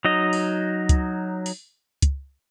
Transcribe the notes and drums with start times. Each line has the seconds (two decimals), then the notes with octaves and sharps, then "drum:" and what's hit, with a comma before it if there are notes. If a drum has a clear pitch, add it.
0.05 F#3 D#4 D#5
0.33 drum: open hi-hat
0.89 drum: kick, hi-hat
1.46 drum: open hi-hat
2.02 drum: kick, hi-hat